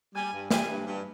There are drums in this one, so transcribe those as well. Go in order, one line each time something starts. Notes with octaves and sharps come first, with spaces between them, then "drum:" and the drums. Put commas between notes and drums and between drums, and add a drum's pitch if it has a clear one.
G3 G#5
G2
G3 G#5, drum: snare
G2
G2